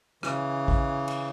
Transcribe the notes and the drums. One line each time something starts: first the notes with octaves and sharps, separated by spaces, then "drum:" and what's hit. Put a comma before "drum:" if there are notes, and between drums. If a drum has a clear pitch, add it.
C#3 E3, drum: rim click
drum: kick A1
drum: cymbal